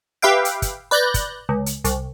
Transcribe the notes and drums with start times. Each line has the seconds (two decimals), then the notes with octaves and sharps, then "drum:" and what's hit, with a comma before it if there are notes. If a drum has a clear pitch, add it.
0.22 G4 B4 E5 F5 G5
0.45 drum: hi-hat
0.62 drum: kick, hi-hat
0.91 B4 D5 F#6 G6 A#6
1.14 drum: kick, hi-hat
1.49 C#2
1.66 drum: hi-hat
1.85 C2, drum: hi-hat